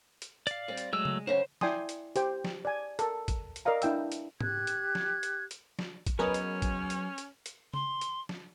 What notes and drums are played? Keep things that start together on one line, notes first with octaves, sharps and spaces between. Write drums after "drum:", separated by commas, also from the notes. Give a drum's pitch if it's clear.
drum: hi-hat
D5 F5, drum: hi-hat
G3 C4
drum: hi-hat
F#3 G#3 A3 E6
drum: tom C#3
F#2 C#3 C#4 C5
E4 D5 G5 G#5 C6 D#6, drum: snare
drum: hi-hat
G4 C5 G5, drum: hi-hat
drum: snare
D5 G#5
A4 A#4, drum: hi-hat
drum: kick, hi-hat
drum: hi-hat
A#4 D5 D#5 F5 A#5
D4 E4 G5 E6, drum: hi-hat
drum: hi-hat
G4 F#6 G#6, drum: tom G#2
drum: hi-hat
drum: snare
drum: hi-hat
drum: hi-hat
drum: snare
drum: kick, hi-hat
F#3 B3 C#4 G#4 A#4 B4 D#5
drum: hi-hat
drum: kick, hi-hat
drum: hi-hat
drum: hi-hat
drum: hi-hat
C6, drum: tom C#3
drum: hi-hat
drum: snare